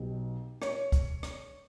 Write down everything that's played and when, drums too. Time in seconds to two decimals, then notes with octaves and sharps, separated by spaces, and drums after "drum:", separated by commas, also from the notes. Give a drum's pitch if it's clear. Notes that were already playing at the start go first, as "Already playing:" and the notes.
Already playing: B1 B2 G4
0.62 C#5, drum: rim click
0.92 drum: kick, hi-hat
1.23 drum: rim click